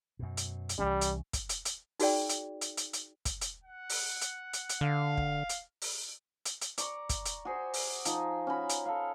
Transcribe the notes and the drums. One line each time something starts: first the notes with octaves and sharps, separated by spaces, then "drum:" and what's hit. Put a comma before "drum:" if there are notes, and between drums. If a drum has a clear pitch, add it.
F#2 B2
drum: hi-hat
drum: hi-hat
C2 E3 G3 C#4
drum: hi-hat
drum: kick, hi-hat
drum: hi-hat
drum: hi-hat
D#4 F#4 G#4 D5 G5, drum: open hi-hat
drum: hi-hat
drum: hi-hat
drum: hi-hat
drum: hi-hat
drum: kick, hi-hat
drum: hi-hat
F#5
drum: open hi-hat
drum: hi-hat
drum: hi-hat
drum: hi-hat
D3 F5
drum: kick
drum: hi-hat
drum: open hi-hat
drum: hi-hat
drum: hi-hat
D5 A#5 C#6, drum: hi-hat
drum: kick, hi-hat
drum: hi-hat
F#4 G#4 C5
drum: open hi-hat
F3 D#4, drum: hi-hat
C#4 F#4 B5
drum: hi-hat
A4 F5